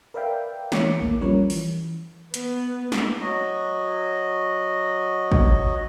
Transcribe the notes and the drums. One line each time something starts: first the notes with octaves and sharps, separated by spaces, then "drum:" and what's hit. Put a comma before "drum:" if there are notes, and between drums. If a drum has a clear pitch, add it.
A#4 B4 D5 E5 F5 G5
E3 C#5 D6 C#7, drum: snare
A1 D#2 A#3
F3 G3 C#4 A#4 B4 C#5
E3, drum: open hi-hat
B3, drum: hi-hat
drum: snare
F#3 F#4 D#5
drum: kick